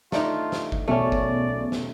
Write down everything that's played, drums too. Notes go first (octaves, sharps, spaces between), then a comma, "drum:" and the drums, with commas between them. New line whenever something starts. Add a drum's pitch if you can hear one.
A3 D4 D#4 F4, drum: snare
drum: snare
drum: kick
B1 E2 A3 C#4 D5
drum: kick
drum: snare